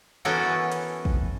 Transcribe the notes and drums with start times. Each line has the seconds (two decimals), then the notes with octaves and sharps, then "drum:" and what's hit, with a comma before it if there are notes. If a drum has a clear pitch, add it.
0.25 E3 B3 C#4 F#4 A4 A#4
0.72 drum: hi-hat
1.05 drum: kick